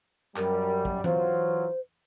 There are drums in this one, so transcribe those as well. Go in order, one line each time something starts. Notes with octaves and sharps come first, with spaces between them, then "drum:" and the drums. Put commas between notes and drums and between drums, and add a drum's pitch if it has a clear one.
F#2 G3 A#4, drum: clap
drum: kick
E3 F#3 F4 C5, drum: tom E3